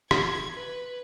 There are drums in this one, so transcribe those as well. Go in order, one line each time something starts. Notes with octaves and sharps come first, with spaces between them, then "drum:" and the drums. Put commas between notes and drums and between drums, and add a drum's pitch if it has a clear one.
G#6, drum: rim click
B4